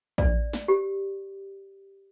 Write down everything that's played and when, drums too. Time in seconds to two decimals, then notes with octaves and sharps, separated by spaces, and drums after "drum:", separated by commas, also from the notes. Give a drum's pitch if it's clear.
0.18 D5, drum: kick
0.53 drum: snare
0.68 G4